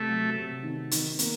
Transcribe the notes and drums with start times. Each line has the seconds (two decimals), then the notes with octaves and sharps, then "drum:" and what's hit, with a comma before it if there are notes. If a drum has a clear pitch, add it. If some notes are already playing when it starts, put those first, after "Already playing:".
Already playing: C3 A3
0.09 F#3
0.36 C3
0.63 D#3
0.91 D#3, drum: hi-hat
1.19 A#3, drum: hi-hat